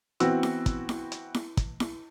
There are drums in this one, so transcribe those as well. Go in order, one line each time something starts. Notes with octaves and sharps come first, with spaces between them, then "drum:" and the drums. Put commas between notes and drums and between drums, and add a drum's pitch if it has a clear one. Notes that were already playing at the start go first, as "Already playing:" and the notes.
E3 B3 C4 F#4 E6, drum: hi-hat
drum: snare E4
drum: kick, hi-hat
drum: snare E4
drum: hi-hat
drum: snare E4
drum: kick, hi-hat
drum: snare E4